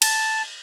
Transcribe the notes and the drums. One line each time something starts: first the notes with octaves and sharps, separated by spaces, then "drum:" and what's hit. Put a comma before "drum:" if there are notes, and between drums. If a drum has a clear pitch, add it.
A5, drum: cymbal